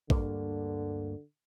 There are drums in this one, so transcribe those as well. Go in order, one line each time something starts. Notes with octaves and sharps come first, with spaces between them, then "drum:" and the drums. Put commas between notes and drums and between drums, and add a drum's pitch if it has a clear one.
D2 G2 D3 A#3, drum: kick A1